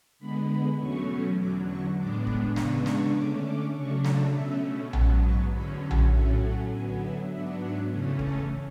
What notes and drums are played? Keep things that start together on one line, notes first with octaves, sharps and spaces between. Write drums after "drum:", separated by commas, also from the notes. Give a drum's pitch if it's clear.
D3 G#3 B3 B5
B5
E2 B2 F#3 A3 C#4 C#6
E2 D3 F#3 D6
C#6
A2 G#3 B3 D4 D6
D6, drum: kick
C#3 G#3 B3 D4 C#6, drum: snare
C#6, drum: snare
D3 A3 C#4 D6
D6
C#3 F#3 A3 D4 C#6
A5, drum: snare
B2 A3 C#4 E5
G#2 F#3 B3 A5, drum: tom A#1
C#6
E2 D3 F#3 C#4 B5
drum: tom A#1
A2 F#3 A3 C#4 E5
F#5
D3 F#3 B3 G#5
E5
G#2 F#3 B3 D4 E5
F#5
E2 C#3 E3 A3 C#4 G#5
A5, drum: kick